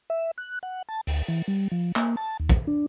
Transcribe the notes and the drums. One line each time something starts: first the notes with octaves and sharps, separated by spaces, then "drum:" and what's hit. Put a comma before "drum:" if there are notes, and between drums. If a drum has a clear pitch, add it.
E5
F#6
F#5
A5
D2, drum: open hi-hat
E3
G3
F3
A#3, drum: clap
A5
D#2
drum: kick, hi-hat
D4